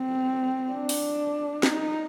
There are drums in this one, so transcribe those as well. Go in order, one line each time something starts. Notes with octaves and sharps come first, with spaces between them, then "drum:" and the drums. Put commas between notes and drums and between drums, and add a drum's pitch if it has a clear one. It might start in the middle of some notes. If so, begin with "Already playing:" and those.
Already playing: C4
D4
drum: open hi-hat
D#4, drum: snare